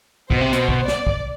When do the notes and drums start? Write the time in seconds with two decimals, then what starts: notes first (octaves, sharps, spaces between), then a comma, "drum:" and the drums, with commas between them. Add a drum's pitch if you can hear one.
0.31 B2 C5, drum: kick B1
0.41 C3
0.52 B2, drum: hi-hat
0.69 drum: kick B1
0.88 D5, drum: snare
1.07 drum: kick B1